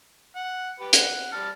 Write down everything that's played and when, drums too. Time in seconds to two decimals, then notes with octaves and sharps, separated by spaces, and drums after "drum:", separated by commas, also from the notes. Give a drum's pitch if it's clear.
0.36 F#5
0.80 G4 B4
0.93 F#5, drum: hi-hat
1.33 G3 A5 F6